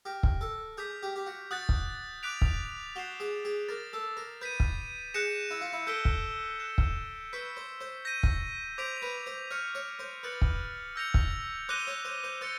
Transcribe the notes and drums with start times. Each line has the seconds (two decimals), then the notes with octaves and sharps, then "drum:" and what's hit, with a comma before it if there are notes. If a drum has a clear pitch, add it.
0.05 G4 F6 A#6 D7
0.23 drum: kick
0.41 A4
0.77 G#4 D6 G6 B6
1.03 G4
1.16 G4
1.26 F#4
1.51 F#4 D#6 F#6 A6
1.69 drum: kick
2.23 D6 F#6 B6 D7 F7
2.42 drum: kick
2.96 F#4 G6 C7 E7 G7
3.20 G#4
3.45 G#4
3.68 A#4 D6 F#6 A6
3.93 A4
4.17 A#4
4.41 B4 G6 B6 D#7
4.60 drum: kick
5.14 G#4 F#6 A#6 C#7 E7
5.51 E4
5.61 F4
5.73 E4
5.87 A4 E6 G6 B6 D7 G7
6.05 drum: kick
6.60 F#6 A6 C7 E7
6.78 drum: kick
7.33 B4 C#6 E6 G6 B6
7.57 C5
7.81 C5
8.05 G6 A#6 D#7
8.23 drum: kick
8.78 C5 D6 G6 B6 D7 F7
9.02 B4
9.26 C5
9.51 C#5 F6 G#6 C#7
9.75 C#5
9.99 C5
10.23 B4 D#6 F#6 A6 C#7 F#7
10.42 drum: kick
10.96 E6 G6 A#6 C#7 F7
11.14 drum: kick
11.69 C5 D6 F#6 A#6 D#7 G7
11.87 C#5
12.05 C5
12.24 C5
12.41 C5 E6 A6 C#7